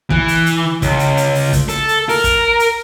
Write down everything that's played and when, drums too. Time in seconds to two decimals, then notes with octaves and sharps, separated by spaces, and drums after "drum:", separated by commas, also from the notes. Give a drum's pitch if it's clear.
0.10 E3, drum: kick
0.28 drum: hi-hat
0.46 drum: hi-hat
0.82 C#2, drum: kick, hi-hat
0.99 drum: hi-hat
1.17 drum: hi-hat
1.35 drum: open hi-hat
1.53 drum: kick, hi-hat
1.69 A4, drum: hi-hat
1.88 drum: hi-hat
2.09 A#4, drum: open hi-hat
2.24 drum: kick, hi-hat
2.60 drum: hi-hat